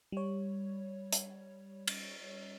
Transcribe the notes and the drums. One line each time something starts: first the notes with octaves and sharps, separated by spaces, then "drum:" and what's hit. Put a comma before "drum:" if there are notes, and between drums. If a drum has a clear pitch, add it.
G3 C#5
drum: hi-hat
drum: cymbal